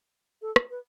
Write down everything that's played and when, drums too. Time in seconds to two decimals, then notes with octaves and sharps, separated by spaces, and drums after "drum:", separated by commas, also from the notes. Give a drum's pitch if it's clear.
0.42 A4
0.56 drum: rim click
0.70 B4